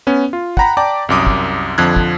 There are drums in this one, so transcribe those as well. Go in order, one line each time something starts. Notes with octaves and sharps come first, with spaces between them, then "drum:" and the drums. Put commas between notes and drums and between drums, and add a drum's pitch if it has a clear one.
B3 C#4
F4
F#5 G5 A#5 B5 B6, drum: kick
D5 G5 A5 A#5 D6
C2 F#2 D6 D#6
drum: kick
F2 D3 F3 F#6 G#6
drum: kick